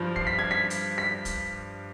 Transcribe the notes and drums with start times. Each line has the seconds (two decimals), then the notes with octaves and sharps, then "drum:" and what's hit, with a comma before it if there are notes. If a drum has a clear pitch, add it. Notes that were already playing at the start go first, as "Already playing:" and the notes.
Already playing: G2 F3
0.16 C7, drum: kick
0.27 B6
0.39 G#6
0.51 B6
0.70 drum: hi-hat
0.98 B6
1.25 drum: kick, hi-hat